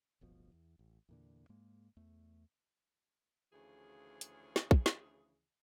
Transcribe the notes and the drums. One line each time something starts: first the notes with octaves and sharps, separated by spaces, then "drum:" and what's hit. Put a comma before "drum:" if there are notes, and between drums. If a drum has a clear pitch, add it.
D1 G1 B2 F3
E2
A1
E2 A#2 D3
G#2 G#3 A#3
E2 A3
D2 C#3 E3 F3 G#4
drum: hi-hat
drum: snare
drum: kick
drum: snare